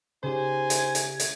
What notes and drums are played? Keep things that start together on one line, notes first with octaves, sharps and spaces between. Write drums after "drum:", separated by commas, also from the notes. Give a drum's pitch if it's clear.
C#3 D#4 G4 C5 G#5
G#6, drum: hi-hat
drum: hi-hat
drum: hi-hat